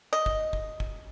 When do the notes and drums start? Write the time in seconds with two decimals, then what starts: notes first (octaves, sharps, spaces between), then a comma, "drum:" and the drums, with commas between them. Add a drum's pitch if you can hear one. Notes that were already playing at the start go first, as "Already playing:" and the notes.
0.13 D#5
0.26 drum: kick
0.53 drum: kick
0.80 drum: kick